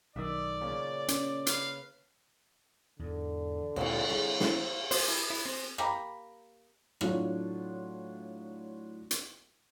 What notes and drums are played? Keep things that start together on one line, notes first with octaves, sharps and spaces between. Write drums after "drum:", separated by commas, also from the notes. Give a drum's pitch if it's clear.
B1 D#3 D5 E5 D#6 E6
A#2 C#3
C#4, drum: hi-hat
B4 F5, drum: hi-hat
E2 G#2 D3
D2 A#2 G#3 C4 E4 F4, drum: cymbal
G3 C4 G#4
B3 E4 C5, drum: snare
C5, drum: open hi-hat
E4
E4
C4
A#3 G4 A#5 B5, drum: rim click
A2 F#3 D4 F4 C#5, drum: rim click
drum: hi-hat